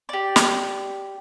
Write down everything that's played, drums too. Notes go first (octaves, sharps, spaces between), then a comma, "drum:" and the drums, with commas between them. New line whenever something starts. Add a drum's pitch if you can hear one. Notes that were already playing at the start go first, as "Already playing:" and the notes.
G4 D5
drum: snare